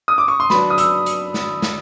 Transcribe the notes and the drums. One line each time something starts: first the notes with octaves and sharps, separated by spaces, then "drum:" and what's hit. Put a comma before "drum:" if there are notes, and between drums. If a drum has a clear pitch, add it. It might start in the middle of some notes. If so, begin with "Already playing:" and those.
D#6
D6
C#6
C6
F#3 B3 D4 B5, drum: snare
D#6
E6, drum: hi-hat
drum: hi-hat
drum: snare
drum: snare